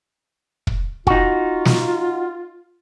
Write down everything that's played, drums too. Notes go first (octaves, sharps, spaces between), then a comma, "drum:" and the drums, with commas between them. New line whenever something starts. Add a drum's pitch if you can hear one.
drum: kick
D#4 F4 F#4, drum: kick
drum: snare